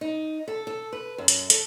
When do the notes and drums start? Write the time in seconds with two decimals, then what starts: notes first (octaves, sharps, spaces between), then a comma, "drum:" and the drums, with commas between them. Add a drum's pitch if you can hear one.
0.01 D#4
0.48 A4
0.67 A4
0.93 B4
1.18 F#2
1.28 drum: hi-hat
1.50 A4, drum: hi-hat